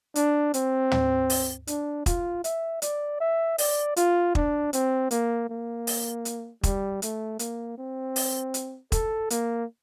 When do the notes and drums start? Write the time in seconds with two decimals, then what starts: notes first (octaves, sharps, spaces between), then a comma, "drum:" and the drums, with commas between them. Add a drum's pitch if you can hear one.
0.15 D4, drum: hi-hat
0.54 C4, drum: hi-hat
0.91 drum: tom
1.30 drum: open hi-hat
1.67 D4, drum: hi-hat
2.06 F4, drum: kick, hi-hat
2.44 E5, drum: hi-hat
2.82 D5, drum: hi-hat
3.20 E5
3.58 D5, drum: open hi-hat
3.96 F4, drum: hi-hat
4.35 D4, drum: kick
4.73 C4, drum: hi-hat
5.11 A#3, drum: hi-hat
5.49 A#3
5.87 drum: open hi-hat
6.25 drum: hi-hat
6.63 G3, drum: kick, hi-hat
7.02 A3, drum: hi-hat
7.39 A#3, drum: hi-hat
7.78 C4
8.16 drum: open hi-hat
8.54 drum: hi-hat
8.92 A4, drum: kick, hi-hat
9.30 A#3, drum: hi-hat